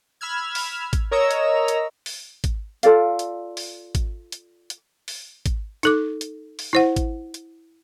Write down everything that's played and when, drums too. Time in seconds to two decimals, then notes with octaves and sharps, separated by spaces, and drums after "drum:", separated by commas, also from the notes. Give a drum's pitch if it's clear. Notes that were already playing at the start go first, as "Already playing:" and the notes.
0.21 B5 E6 F6 G#6
0.55 drum: open hi-hat
0.93 drum: kick, hi-hat
1.11 A#4 C#5 D#5 A#5 E6
1.31 drum: hi-hat
1.68 drum: hi-hat
2.06 drum: open hi-hat
2.44 drum: kick, hi-hat
2.83 F4 A4 D5 F5, drum: hi-hat
3.19 drum: hi-hat
3.57 drum: open hi-hat
3.95 drum: kick, hi-hat
4.32 drum: hi-hat
4.70 drum: hi-hat
5.08 drum: open hi-hat
5.46 drum: kick, hi-hat
5.83 D#4 A4 D6, drum: hi-hat
6.21 drum: hi-hat
6.59 drum: open hi-hat
6.73 E4 C5 F#5
6.96 drum: kick, hi-hat
7.34 drum: hi-hat